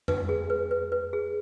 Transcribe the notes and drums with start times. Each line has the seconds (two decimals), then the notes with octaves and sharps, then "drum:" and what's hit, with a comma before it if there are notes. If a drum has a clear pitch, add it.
0.08 B4, drum: tom F2
0.29 G#4
0.50 B4
0.71 B4
0.92 B4
1.13 G#4